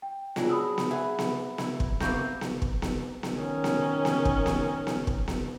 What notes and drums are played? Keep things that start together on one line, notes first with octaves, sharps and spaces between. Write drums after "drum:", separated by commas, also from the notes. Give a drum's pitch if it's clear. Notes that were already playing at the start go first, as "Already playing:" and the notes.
G5
F#3 G#3 D4 F4, drum: snare B3
B5 D#6 E6
drum: snare B3
G#4 B4 E5 F#5 B5
drum: snare B3
E4, drum: snare B3
drum: kick
C3 A#3 B3 C#6 G6 A#6, drum: snare B3
drum: snare B3
drum: kick
drum: snare B3
drum: snare B3
D#3 C#4
drum: snare B3
drum: snare B3
drum: kick
drum: snare B3
drum: snare B3
drum: kick
drum: snare B3